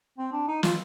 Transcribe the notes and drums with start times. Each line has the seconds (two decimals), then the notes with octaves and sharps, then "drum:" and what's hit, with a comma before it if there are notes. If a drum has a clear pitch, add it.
0.18 C4
0.32 D4
0.48 D#4
0.63 F4, drum: snare